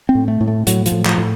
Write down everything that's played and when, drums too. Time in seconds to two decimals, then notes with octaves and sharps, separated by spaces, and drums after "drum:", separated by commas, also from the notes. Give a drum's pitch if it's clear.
0.09 C4
0.15 A2
0.28 A3
0.41 A2
0.48 A3
0.67 A2 F#3, drum: hi-hat
0.86 F3, drum: hi-hat
0.92 A2
1.05 F3, drum: clap
1.18 A2